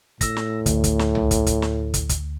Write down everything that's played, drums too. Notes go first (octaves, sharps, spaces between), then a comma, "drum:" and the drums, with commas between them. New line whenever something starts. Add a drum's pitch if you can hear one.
A2 E6 A#6, drum: kick, hi-hat
drum: snare
D2, drum: kick, hi-hat
drum: kick, hi-hat
drum: snare
drum: tom C2
drum: kick, hi-hat
drum: kick, hi-hat
drum: snare
drum: kick, hi-hat
drum: kick, hi-hat